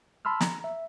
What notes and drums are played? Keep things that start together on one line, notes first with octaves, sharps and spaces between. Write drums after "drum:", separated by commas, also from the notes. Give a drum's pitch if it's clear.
A5 B5 C6 E6 F6
A#5, drum: snare
E5